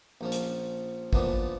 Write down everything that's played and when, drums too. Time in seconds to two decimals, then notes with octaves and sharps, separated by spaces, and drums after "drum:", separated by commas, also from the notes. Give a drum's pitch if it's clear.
0.21 A#1 F3 C#4
0.32 drum: hi-hat
1.13 A#2 E3 F3 B3 D4, drum: kick